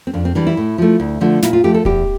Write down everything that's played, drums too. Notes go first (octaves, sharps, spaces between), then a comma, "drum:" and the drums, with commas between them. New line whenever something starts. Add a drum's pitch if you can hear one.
C4
F2 D4
C4
E3 G3 D4
E4
A2
F3 A3
D2
D3 F3 A3
A#2 E4, drum: snare
F4
F3 A3 G4
A4
E2 G4, drum: kick D1